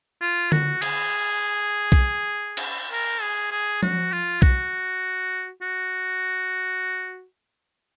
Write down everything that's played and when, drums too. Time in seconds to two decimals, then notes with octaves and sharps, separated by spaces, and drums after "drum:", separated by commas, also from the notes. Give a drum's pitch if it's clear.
0.21 F4
0.52 F#4, drum: tom D3
0.82 G#4, drum: cymbal
1.92 drum: kick B1
2.57 drum: cymbal
2.92 A#4
3.22 G#4
3.51 G#4
3.83 F#4, drum: tom F3
4.13 F4
4.42 F#4, drum: kick B1
5.62 F#4